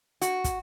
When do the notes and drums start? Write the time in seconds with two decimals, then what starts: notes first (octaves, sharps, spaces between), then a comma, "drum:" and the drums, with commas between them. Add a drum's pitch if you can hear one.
0.22 F#4, drum: hi-hat
0.44 drum: kick, hi-hat